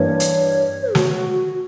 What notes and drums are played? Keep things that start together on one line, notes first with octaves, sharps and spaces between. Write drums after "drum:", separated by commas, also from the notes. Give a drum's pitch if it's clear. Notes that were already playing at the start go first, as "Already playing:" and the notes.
Already playing: G2 E3 A#3 C#5
drum: hi-hat
F#4, drum: snare